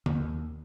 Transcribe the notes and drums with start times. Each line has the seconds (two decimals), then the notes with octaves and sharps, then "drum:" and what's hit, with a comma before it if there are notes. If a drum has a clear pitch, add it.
0.06 D#2, drum: tom